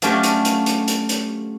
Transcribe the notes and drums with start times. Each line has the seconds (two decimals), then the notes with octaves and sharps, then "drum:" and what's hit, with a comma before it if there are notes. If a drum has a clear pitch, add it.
0.02 F#3 A3 C#4 D4 F4 G4, drum: hi-hat
0.23 drum: hi-hat
0.45 drum: hi-hat
0.66 drum: hi-hat
0.88 drum: hi-hat
1.09 drum: hi-hat